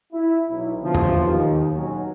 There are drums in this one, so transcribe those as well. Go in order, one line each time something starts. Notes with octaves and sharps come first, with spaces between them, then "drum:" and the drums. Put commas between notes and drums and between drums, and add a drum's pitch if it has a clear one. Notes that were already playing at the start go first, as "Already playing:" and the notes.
E4
B1
B2 D3 E3 F3
drum: tom E2
D#2
B1 F#3 C#4